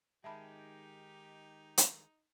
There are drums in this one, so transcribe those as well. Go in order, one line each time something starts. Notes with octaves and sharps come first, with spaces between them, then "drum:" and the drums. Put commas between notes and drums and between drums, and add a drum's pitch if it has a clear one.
D#3 G#3 D#4 G4 E5 A5 B5
drum: hi-hat